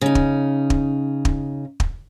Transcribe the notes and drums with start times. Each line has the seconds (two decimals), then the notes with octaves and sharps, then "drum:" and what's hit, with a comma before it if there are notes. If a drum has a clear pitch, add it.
0.01 C#3 D#4
0.15 drum: kick
0.70 drum: kick
1.25 drum: kick
1.80 drum: kick